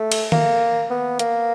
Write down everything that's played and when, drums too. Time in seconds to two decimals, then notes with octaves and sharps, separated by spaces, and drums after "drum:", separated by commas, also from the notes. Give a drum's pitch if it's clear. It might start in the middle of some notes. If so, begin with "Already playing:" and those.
Already playing: A3
0.12 drum: cymbal
0.32 A#3, drum: tom D#3
0.90 B3
1.19 A#3, drum: hi-hat